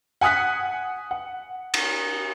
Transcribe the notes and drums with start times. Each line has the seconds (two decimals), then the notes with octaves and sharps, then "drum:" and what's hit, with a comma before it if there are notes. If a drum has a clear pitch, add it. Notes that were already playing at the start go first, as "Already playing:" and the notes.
0.21 F#5 G#5 D#6 F#6 B6
1.11 F#5
1.74 drum: cymbal